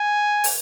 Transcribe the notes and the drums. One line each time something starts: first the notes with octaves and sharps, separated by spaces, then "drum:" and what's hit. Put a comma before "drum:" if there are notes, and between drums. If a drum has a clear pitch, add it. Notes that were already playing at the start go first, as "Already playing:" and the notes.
Already playing: G#5
drum: open hi-hat